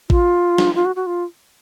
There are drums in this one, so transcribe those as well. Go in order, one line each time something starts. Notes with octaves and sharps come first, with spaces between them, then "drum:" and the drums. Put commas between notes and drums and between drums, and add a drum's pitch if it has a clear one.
F4, drum: kick A1
drum: snare
F4
F#4
F#4
F4